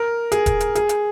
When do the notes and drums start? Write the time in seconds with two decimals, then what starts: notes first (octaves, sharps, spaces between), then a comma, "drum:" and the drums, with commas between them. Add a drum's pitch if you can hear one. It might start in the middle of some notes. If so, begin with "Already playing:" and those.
Already playing: A#4
0.32 G#4, drum: hi-hat
0.46 drum: kick E1, hi-hat
0.60 drum: hi-hat
0.75 G#4, drum: hi-hat
0.89 drum: hi-hat